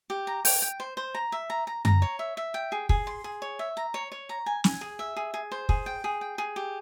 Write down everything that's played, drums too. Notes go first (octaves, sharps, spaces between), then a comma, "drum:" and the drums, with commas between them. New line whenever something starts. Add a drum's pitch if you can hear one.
G4
A#5
G5, drum: open hi-hat
G5
C5
C5
A#5
E5
A#5
A#5
A#5, drum: tom F#2
C#5
E5
E5
G5
G#4
G#4, drum: kick
C6
G#4
C#5
E5
A#5
C#5
C#5
A#5
G#5
G#5, drum: snare
G#4
E5
G#4
G#4
C5
G#4, drum: kick
G5
G#4
G5
G#4
G4